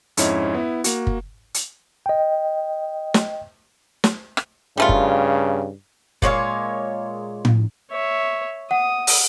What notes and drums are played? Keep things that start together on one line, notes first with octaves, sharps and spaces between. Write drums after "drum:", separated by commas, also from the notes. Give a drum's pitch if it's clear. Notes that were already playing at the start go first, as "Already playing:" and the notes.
F2 G#2 C#4 E4 C#5 D#5, drum: hi-hat
B3 E4
A#3 F#4, drum: hi-hat
drum: kick
drum: hi-hat
D#5 G5
drum: snare
drum: snare
drum: rim click
G2 C#3 G3 A3 F4
drum: kick
A#2 G#3 C#5 F5, drum: kick
drum: tom A2
C#5 E5
F#5 D#6
drum: open hi-hat